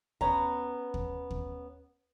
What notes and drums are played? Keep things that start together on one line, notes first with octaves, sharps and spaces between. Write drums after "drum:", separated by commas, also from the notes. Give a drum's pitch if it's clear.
B3 C#4 A#5, drum: kick D#2
drum: kick D#2
drum: kick D#2